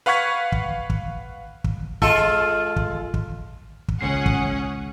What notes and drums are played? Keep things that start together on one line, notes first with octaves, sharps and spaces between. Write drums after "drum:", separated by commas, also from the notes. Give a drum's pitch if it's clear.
B4 F5 F#5 C#6 G#6 B6
drum: kick
drum: kick
drum: kick
G#3 F4 A4, drum: kick
drum: kick
drum: kick
drum: kick
C#2 C#4 G#4 F#5 C7
drum: kick